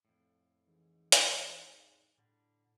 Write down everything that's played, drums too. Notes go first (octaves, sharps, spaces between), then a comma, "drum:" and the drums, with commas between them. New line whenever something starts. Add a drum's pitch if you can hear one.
F2 A2
G#2 E3
drum: hi-hat
A2 D3 G3